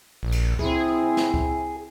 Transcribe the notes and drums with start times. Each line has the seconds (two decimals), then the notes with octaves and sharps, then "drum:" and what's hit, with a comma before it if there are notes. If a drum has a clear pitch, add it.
0.23 A#1
0.32 drum: cymbal
0.59 C4 E4 G#4, drum: kick C#2
1.17 drum: snare
1.34 drum: kick C#2